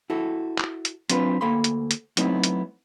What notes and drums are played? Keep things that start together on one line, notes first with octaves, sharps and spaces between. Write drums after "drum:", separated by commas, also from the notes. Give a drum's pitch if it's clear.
E4 F#4 A4
drum: clap
drum: hi-hat
F#3 C4 D4 F4 B4, drum: hi-hat
D2 A#3 A4 F5 B5 C6
drum: hi-hat
drum: hi-hat
F#3 A3 B3 C4 D#4 E4, drum: hi-hat
drum: hi-hat